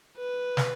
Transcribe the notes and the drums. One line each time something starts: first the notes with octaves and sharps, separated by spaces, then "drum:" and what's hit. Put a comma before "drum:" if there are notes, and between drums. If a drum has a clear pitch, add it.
B4
drum: snare